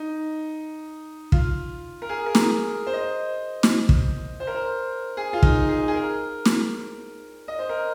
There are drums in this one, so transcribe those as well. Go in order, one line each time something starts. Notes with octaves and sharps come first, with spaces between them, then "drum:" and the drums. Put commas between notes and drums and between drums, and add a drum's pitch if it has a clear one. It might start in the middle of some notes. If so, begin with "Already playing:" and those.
Already playing: D#4
F4, drum: kick
A#4
G#4
A#4
G#4, drum: snare
C5
D#5
C5
drum: snare
drum: kick
C5
A#4
C5
G#4
F4
D#4, drum: kick
G#4
G#4
A#4
drum: snare
D#5
C5
A#4